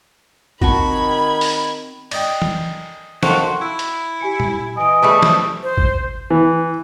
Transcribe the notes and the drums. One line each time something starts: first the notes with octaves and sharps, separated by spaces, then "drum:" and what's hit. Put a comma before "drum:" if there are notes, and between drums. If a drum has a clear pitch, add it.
D#3 C4 F#4 F#5 A5 B5 C#6 G#6, drum: kick
drum: open hi-hat
D5 D#5 G5, drum: cymbal
drum: tom E3
D#3 F#4 A4 C5 F5, drum: snare
E4 E6
drum: hi-hat
G4 G#5 C#7
drum: tom A#2
E3 D#5 G#5 D7
G3 A3 G#4 B4 E5 A5
C5, drum: snare
C5
drum: kick
E3